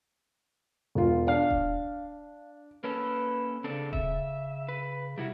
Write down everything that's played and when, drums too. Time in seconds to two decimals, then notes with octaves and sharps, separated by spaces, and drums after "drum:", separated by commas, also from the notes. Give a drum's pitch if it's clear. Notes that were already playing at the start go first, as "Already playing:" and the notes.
0.95 E1 F4
1.28 D4 F5
1.51 drum: kick D#1
2.84 A#3 C#4 A4 B4
3.64 C#3 C4 D4 A4
3.93 E5, drum: kick D#1
4.69 B4
5.18 C3 G3 E4 F#4